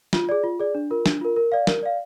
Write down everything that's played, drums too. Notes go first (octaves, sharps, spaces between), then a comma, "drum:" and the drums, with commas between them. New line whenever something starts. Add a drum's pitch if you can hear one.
F4, drum: snare
G#4 D5
F4
G#4 D5
D4
F4 A#4
D4, drum: snare
F4 A#4
A#4
D5 F5
A#4, drum: snare
D5 F5